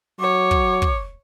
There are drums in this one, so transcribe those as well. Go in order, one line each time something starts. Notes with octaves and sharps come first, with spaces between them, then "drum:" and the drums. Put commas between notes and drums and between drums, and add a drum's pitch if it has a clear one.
F#3 C#5 D6
drum: kick
drum: kick